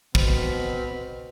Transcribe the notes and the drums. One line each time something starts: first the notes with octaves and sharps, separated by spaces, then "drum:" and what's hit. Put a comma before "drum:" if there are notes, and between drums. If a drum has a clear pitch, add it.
B2 C4 B5 F6, drum: kick